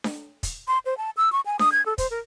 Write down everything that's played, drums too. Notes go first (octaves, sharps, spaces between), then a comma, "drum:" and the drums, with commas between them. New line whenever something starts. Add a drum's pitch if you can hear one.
drum: snare D4
drum: kick, hi-hat
C6
C5
A5
E6
C#6
G#5
D#6, drum: snare D4
G#6
A4
C5, drum: kick, hi-hat
A#4